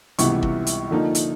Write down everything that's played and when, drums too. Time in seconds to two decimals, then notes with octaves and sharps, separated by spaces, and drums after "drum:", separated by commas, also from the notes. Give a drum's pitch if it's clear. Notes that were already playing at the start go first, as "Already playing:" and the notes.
0.19 C#2 C3 E3 G3 B3 C#6, drum: hi-hat
0.42 drum: kick
0.67 drum: hi-hat
0.91 D3 F3 A#3 D#4
1.15 drum: hi-hat